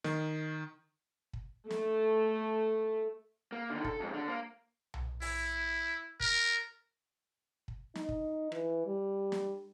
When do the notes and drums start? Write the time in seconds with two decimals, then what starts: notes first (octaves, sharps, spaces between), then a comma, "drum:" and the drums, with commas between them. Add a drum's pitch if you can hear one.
0.04 D#3, drum: snare
1.33 drum: kick
1.70 A3, drum: snare
3.52 A#3
3.70 D3 D#3
3.84 A4, drum: kick
4.00 F2 G#2
4.14 D3 D4
4.27 A#3
4.94 drum: tom B1
5.21 E4, drum: open hi-hat
6.20 A#4, drum: kick
7.68 drum: kick
7.95 D#4, drum: snare
8.09 drum: kick
8.52 E3, drum: rim click
8.86 G3
9.32 drum: snare